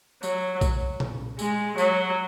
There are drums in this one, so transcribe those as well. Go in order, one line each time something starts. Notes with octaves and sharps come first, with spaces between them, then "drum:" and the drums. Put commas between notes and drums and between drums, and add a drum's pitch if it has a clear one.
F#3, drum: tambourine
drum: kick B1, tambourine
drum: tom A#2
G#3, drum: tambourine
F#3, drum: tambourine